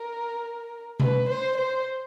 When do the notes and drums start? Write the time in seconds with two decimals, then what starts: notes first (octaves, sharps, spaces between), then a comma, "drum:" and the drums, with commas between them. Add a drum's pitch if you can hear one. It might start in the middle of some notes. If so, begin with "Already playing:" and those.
Already playing: A#4
1.00 B4, drum: tom B2
1.29 C5
1.57 C5